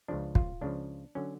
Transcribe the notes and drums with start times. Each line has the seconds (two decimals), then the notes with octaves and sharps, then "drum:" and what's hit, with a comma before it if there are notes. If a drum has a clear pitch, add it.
0.08 C#2 C#3 F3 D4
0.35 F4, drum: kick
0.61 C#2 C#3 F3 D4
1.15 D3 F#3 C#4